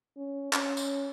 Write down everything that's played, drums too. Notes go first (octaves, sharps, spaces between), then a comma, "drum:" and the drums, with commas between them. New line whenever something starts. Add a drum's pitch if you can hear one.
C#4
C#4, drum: clap
drum: tambourine